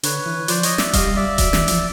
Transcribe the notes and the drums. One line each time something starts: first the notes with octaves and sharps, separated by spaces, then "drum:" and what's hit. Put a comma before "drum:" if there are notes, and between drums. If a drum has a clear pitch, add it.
D3 B4 C#5, drum: hi-hat
E3
F3 C5 D5, drum: hi-hat
C#5 D#5, drum: hi-hat
D5 E5, drum: snare
G3 D#5 F5, drum: kick D#1, hi-hat
D5 E5
F#3, drum: kick D#1, hi-hat
E3, drum: snare
F3, drum: hi-hat